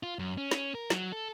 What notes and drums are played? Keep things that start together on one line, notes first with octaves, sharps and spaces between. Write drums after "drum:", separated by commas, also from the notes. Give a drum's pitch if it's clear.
F4
F#2
C#4
drum: snare
A#4
F#3, drum: snare
A4